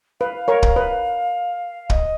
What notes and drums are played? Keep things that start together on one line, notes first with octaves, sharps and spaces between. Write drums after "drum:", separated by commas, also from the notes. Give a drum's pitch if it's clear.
B4 F5
A#4 C#5
drum: kick
B4
D#5, drum: kick